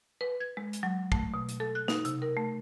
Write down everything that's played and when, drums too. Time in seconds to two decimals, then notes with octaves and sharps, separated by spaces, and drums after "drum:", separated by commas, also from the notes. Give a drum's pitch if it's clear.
0.21 B4
0.40 G#6
0.57 G#3
0.73 drum: hi-hat
0.83 F#3
1.12 A3, drum: kick
1.34 B2
1.49 drum: hi-hat
1.60 A4
1.75 F#6
1.88 D#4, drum: snare
2.05 C3, drum: hi-hat
2.22 A#4
2.37 A3